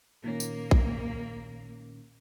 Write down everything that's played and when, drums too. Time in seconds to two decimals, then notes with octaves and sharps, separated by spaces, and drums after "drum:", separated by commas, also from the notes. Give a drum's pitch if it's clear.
0.24 A#2 D#3 A#3 C#4
0.40 drum: tambourine
0.71 drum: kick A#1